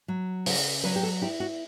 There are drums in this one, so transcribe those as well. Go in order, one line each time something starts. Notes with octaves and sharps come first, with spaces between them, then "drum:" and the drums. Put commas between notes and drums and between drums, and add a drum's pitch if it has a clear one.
F#3
C#3, drum: open hi-hat
F#3 B4
G4
A4
E4 G4
F#4